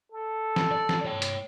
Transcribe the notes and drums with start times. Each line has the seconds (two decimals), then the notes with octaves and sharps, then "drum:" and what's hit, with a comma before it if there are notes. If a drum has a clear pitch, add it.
0.12 A4
0.56 drum: snare
0.71 D5
0.89 drum: snare
1.05 C#5 G5
1.22 drum: hi-hat